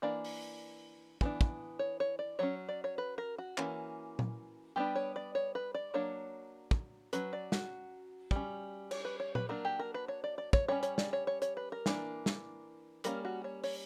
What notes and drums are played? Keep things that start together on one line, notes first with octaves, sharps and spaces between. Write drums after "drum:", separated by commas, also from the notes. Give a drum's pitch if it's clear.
E3 A#3 D4 D5
drum: open hi-hat
E3 B3 D4, drum: kick
drum: kick
C#5
C#5
D5
F#3 C#4 C#5
D5
C#5
B4
A#4
F#4
E3 A#3 C#4, drum: clap
drum: tom A#2
G3 B3 D4 G4
C#5
D5
C#5
B4
D5
F#3 A#3 D4 C#5
drum: kick
F#3 C#4 B4, drum: hi-hat
D5
F#4, drum: snare
G3 C#4, drum: kick
C#5, drum: cymbal
B4
C#5
B4, drum: tom A#2
F#3 A#3 D4 A#4
G4
A#4
B4
C#5
D5
D5
C#5, drum: kick
G3 C#4 C#5
C#5, drum: hi-hat
D5, drum: snare
C#5
C#5
C#5, drum: hi-hat
B4
A#4
E3 A#3 D4, drum: snare
drum: snare
G3 A#3 C#4 A#4, drum: hi-hat
F#4
C#5
C#5, drum: open hi-hat